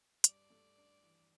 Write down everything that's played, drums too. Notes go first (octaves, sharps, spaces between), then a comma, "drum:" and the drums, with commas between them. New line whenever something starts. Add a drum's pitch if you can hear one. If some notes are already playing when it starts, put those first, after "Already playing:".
G2 D5, drum: hi-hat
A3
D4
E3